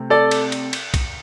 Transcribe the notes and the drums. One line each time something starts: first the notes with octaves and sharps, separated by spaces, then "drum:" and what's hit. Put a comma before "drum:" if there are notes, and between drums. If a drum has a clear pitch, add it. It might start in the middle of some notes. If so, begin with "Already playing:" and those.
Already playing: C3 A3 C4
A4 D5
drum: cymbal
drum: cymbal
drum: cymbal
drum: kick B1, cymbal